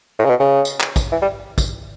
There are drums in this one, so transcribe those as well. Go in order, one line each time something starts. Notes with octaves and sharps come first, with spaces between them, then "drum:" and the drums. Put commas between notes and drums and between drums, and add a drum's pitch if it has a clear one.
A2
C#3
B2
C#3
drum: tambourine
drum: clap
drum: kick, tambourine
E3
G3
drum: kick, tambourine